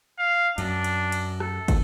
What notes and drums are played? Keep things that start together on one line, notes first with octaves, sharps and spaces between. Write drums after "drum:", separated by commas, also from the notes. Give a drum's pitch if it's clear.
F5
F#2 D4, drum: cymbal
drum: cymbal
drum: cymbal
A4, drum: rim click
drum: kick, cymbal